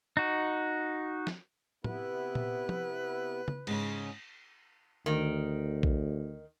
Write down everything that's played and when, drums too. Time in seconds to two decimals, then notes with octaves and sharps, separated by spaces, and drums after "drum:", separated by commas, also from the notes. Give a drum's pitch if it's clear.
0.17 D#4 F#4
1.27 drum: snare
1.84 C3 B3 E4 B4, drum: tom A2
2.35 drum: tom A#2
2.69 drum: tom F3
3.48 drum: tom C#3
3.67 G#2 C#3 C#4 G#4, drum: cymbal
5.06 D2 D#3
5.83 drum: kick A#1